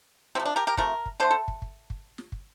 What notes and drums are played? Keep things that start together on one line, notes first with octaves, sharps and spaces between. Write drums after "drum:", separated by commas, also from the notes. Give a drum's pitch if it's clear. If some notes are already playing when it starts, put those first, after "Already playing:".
C3 F3 A3 C4
D4
G4 A#4
G4 A#4
C3 F3 A3 A#4, drum: kick
drum: kick
D3 A3 A4 C5
A4
drum: kick
drum: kick
drum: kick
drum: snare
drum: kick